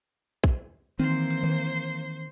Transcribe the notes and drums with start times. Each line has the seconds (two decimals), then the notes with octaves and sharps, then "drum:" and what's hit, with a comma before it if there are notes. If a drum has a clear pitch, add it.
0.44 drum: kick
0.99 D#3 E3 A#3 C4 C5 C6, drum: hi-hat
1.30 drum: hi-hat
1.43 drum: tom D#3